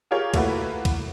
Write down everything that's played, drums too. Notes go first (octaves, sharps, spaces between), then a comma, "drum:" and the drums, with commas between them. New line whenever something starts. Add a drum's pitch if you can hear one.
F4 G4 G#4 A#4 C#5
A3 A#3 E4 F#4 B4, drum: kick, cymbal
drum: kick, cymbal